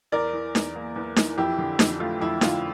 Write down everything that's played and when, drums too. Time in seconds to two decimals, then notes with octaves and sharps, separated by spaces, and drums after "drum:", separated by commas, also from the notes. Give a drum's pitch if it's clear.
0.12 E2 A#4 D5
0.33 E3
0.55 E2, drum: snare D#4
0.76 A#3
0.96 E2
1.16 E3, drum: snare D#4
1.38 F2 E4 G4
1.58 D3
1.79 F2, drum: snare D#4
2.00 A3 F4
2.21 F2 E4
2.41 D3 F4, drum: snare D#4